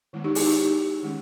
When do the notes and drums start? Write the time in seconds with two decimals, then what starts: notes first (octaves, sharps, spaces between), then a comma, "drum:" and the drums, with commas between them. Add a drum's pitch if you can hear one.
0.13 D#3 G#3 B3 E4
0.24 D#4 G4
0.35 E4 G#4, drum: open hi-hat
0.46 D#4 G4
1.02 D#3 G#3 C#4